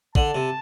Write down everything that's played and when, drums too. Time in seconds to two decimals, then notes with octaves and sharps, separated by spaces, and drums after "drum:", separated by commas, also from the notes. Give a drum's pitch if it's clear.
0.15 D3 A5, drum: kick
0.34 C3